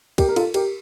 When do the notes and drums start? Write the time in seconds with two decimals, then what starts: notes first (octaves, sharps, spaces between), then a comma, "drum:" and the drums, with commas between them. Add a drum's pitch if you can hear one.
0.18 G4 A#4, drum: kick, cymbal
0.29 A#4
0.36 F4 A4, drum: cymbal
0.54 G4 A#4, drum: cymbal